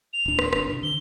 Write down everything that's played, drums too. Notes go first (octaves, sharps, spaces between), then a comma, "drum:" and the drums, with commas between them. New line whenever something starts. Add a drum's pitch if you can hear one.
F7
D1 D4
drum: rim click
F#1 D4, drum: rim click
C3 D4
D3 G7